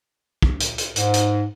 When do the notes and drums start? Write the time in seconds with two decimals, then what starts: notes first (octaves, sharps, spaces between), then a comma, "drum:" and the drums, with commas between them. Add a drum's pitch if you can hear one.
0.42 drum: kick
0.60 drum: hi-hat
0.78 drum: hi-hat
0.96 G#2, drum: hi-hat
1.14 drum: hi-hat